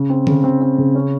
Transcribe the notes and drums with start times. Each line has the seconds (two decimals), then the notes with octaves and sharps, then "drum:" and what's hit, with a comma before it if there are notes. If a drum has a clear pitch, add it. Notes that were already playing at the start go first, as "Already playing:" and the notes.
Already playing: C#3
0.10 C4
0.27 C#3, drum: tom D3
0.44 C4
0.61 C4
0.78 C#3
0.95 C#4